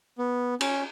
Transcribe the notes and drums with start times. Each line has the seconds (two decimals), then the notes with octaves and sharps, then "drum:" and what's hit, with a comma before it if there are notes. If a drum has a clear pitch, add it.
0.18 B3
0.61 C#4, drum: cymbal